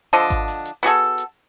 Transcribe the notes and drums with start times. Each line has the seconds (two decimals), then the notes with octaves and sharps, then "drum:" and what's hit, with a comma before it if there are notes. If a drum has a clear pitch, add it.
0.13 D3 F3 D4 D#5, drum: hi-hat
0.30 drum: kick G#1, hi-hat
0.48 drum: open hi-hat
0.65 drum: hi-hat
0.83 B3 F#4 G#4 A4, drum: open hi-hat
1.18 drum: hi-hat